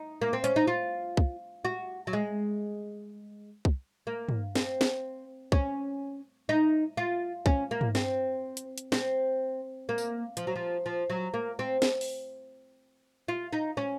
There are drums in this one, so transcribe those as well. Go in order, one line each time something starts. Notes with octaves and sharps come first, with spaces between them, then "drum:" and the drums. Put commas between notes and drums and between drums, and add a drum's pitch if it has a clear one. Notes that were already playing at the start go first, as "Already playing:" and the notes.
Already playing: D#4
A#3
C4
C#4, drum: hi-hat
D#4
F4
drum: kick C2
F#4
F#3
G#3
drum: kick C2
A#3
drum: tom
C4, drum: snare
drum: snare
C#4, drum: kick C2
D#4
F4
C#4, drum: kick C2
A#3
drum: tom
C4, drum: snare
drum: hi-hat
drum: hi-hat
C4, drum: snare
A#3
drum: tambourine
F3, drum: hi-hat
F#3
F3
F3
F#3
A#3
C4
drum: snare
drum: open hi-hat
F4
D#4
C#4